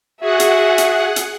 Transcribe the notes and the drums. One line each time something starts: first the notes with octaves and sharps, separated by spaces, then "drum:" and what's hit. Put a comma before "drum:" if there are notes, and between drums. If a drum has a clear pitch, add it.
F#4 G#4 E5 F#5
drum: hi-hat
drum: hi-hat
drum: hi-hat